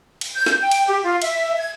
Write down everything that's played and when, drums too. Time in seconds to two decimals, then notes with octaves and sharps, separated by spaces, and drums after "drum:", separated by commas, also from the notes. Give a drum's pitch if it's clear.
0.21 drum: cymbal
0.35 G6
0.46 drum: snare
0.60 G5
0.71 drum: cymbal
0.88 G4
1.03 F4
1.22 E5, drum: cymbal
1.58 G#6